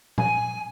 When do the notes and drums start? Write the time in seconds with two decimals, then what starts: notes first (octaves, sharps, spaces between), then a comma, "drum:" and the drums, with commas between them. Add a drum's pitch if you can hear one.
0.18 G#5, drum: tom A#2